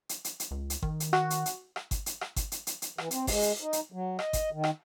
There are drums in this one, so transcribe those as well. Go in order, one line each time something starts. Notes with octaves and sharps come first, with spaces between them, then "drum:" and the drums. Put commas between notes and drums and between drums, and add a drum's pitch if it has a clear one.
drum: hi-hat
drum: hi-hat
drum: hi-hat
C#2
drum: hi-hat
D#3, drum: kick G1
drum: hi-hat
F#4, drum: rim click
drum: hi-hat
drum: hi-hat
drum: rim click
drum: kick G1, hi-hat
drum: hi-hat
drum: rim click
drum: kick G1, hi-hat
drum: hi-hat
drum: hi-hat
drum: hi-hat
E3, drum: rim click
C4, drum: hi-hat
G#3, drum: kick G1, open hi-hat
drum: hi-hat
D#4
drum: hi-hat
F#3
D#5, drum: rim click
drum: kick G1, hi-hat
D#3
drum: rim click